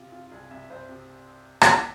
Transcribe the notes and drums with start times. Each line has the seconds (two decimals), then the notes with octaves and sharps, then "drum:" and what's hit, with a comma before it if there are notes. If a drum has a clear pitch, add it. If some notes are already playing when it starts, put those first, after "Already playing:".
Already playing: C3 F4
0.12 C3 F4
0.26 F4
0.31 C2 G#4
0.51 C2 E5
0.70 C2 C5
0.89 C3
1.61 drum: rim click